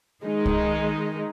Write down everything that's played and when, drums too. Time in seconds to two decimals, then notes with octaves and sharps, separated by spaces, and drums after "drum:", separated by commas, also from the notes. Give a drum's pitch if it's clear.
0.23 D#3 G#3 D#4
0.46 drum: kick C2